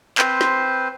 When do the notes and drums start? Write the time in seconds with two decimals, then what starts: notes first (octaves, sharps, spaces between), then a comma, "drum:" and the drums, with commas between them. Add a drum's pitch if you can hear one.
0.18 C4 B4 C5, drum: clap
0.41 drum: snare